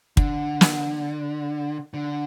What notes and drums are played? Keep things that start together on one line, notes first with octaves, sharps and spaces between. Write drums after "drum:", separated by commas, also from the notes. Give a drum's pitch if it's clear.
D3, drum: kick
drum: snare
D3